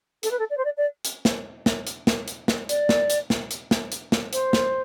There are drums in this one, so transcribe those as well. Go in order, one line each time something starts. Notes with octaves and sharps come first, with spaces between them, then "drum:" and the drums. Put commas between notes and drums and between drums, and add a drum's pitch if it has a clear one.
A4, drum: hi-hat
B4
A4
D5
C5
D5
D5
drum: hi-hat
drum: snare
drum: snare
drum: hi-hat
drum: snare
drum: hi-hat
drum: snare
D5, drum: hi-hat
drum: snare
drum: hi-hat
drum: snare
drum: hi-hat
drum: snare
drum: hi-hat
drum: snare
C5, drum: hi-hat
drum: snare